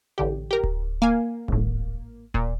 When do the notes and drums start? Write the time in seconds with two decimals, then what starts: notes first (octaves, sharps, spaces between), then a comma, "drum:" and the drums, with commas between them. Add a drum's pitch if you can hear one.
0.18 A1 D3 G4
0.51 G4 A#4
0.64 drum: kick D1
1.02 A#3 F5 G#5
1.48 G#1 A2, drum: kick D1
2.34 A#2, drum: kick D1